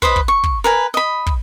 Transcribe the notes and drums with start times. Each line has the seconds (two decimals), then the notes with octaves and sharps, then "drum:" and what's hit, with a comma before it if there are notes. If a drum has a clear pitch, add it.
0.02 B4 C5 D#5 B5, drum: kick
0.16 drum: kick
0.28 C#6
0.44 drum: kick
0.64 A#4 B4 G#5
0.94 D#5 B5
1.26 drum: kick